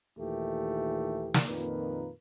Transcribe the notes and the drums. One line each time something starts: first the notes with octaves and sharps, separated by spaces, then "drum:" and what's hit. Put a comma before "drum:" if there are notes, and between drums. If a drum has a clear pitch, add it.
D#2 A#2 D#3 E3 A3 G4
drum: snare
F2 A#2 D#3 A#3 A#4 B4